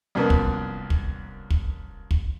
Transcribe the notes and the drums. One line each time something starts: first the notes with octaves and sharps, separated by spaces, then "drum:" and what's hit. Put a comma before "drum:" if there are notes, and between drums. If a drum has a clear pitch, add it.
C2 F#2 F3 A#3 B3
drum: kick
drum: kick
drum: kick
drum: kick